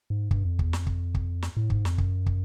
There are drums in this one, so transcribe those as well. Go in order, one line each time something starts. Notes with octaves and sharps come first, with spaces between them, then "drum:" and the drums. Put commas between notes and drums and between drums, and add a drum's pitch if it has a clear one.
G#2
G2, drum: kick
F2
E2, drum: kick
F2, drum: snare
drum: kick
drum: kick
drum: snare
A2
G#2, drum: kick
F2, drum: snare
F#2, drum: kick
drum: kick